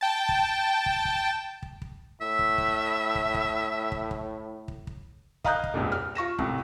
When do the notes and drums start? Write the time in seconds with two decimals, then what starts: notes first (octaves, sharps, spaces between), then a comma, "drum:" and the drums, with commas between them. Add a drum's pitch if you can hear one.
0.01 G5 A5
0.29 drum: kick
0.86 drum: kick
1.05 drum: kick
1.62 drum: kick
1.82 drum: kick
2.21 A2 E5
2.39 drum: kick
2.58 drum: kick
3.15 drum: kick
3.34 drum: kick
3.92 drum: kick
4.11 drum: kick
4.68 drum: kick
4.87 drum: kick
5.44 D#5 F5 A#5 D#6 F#6 G6, drum: kick
5.64 drum: kick
5.74 E1 C2 G2 A#2
5.92 F6
6.15 F4 C#6 A#6 E7
6.39 C2 A2 C3, drum: kick